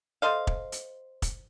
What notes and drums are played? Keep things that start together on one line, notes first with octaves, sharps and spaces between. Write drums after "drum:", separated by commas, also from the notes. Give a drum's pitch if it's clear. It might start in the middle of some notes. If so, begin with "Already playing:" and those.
A4 C5 D#5 F5
drum: kick
drum: hi-hat
drum: kick, hi-hat